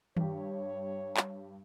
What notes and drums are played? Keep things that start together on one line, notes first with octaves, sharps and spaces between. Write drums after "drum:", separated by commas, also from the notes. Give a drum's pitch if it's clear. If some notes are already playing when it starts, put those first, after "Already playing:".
G2 G4 C#5, drum: tom D#3
drum: clap